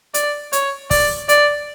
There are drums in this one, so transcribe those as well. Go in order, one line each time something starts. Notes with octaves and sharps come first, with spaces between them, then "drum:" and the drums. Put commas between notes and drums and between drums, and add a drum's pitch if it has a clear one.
D5, drum: hi-hat
C#5, drum: hi-hat
D5, drum: kick, open hi-hat
D5, drum: hi-hat